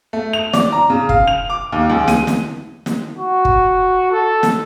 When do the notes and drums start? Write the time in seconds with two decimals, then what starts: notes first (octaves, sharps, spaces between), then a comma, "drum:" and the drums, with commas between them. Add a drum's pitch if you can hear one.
0.13 A3
0.33 F7
0.53 D5, drum: snare
0.72 A#5
0.90 C#3
1.09 F5, drum: kick
1.27 F7
1.50 D6
1.72 D#2
1.90 C#2
2.08 D#7, drum: snare
2.27 drum: snare
2.86 drum: snare
3.18 F#4
3.45 drum: kick
4.12 A4
4.43 drum: snare